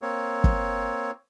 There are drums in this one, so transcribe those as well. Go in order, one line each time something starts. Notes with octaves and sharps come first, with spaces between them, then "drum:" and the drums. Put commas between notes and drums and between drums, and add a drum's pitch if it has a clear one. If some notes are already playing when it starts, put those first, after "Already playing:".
A#3 C4 C#5
drum: kick